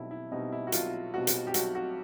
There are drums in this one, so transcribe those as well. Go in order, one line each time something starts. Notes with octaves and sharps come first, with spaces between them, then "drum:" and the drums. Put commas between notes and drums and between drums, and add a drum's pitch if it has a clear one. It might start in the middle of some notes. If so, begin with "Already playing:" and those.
Already playing: B1 B2 G3 C4 D#4 E4
E4
B2 G3 C4 D#4
E4
F#4
B1 F4, drum: hi-hat
B2 G3 C4 D#4 F#4
drum: hi-hat
G4
B1 F#4, drum: hi-hat
F#4